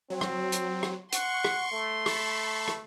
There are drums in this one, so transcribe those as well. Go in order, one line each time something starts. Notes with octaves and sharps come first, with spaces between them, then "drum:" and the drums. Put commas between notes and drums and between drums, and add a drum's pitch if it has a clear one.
F#3 C4
drum: rim click
drum: hi-hat
drum: rim click
F#5 C6 C#6, drum: hi-hat
drum: rim click
A3
A5 B5 C#6, drum: rim click
drum: rim click